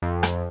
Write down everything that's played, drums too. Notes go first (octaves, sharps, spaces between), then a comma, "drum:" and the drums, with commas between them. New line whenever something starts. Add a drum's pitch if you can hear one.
F2
drum: rim click